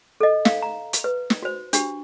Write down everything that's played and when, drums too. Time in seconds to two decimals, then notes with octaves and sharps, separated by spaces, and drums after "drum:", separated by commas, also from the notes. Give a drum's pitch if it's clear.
0.21 A4 D#5
0.45 F5, drum: snare
0.62 A#5
0.93 drum: hi-hat
1.04 B4
1.30 drum: snare
1.43 F#4 C5
1.73 D4 F#4 G4, drum: hi-hat